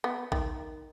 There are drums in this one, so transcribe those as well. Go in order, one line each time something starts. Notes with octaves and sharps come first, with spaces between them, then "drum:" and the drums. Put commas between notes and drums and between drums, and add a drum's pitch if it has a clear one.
B3
D#3, drum: kick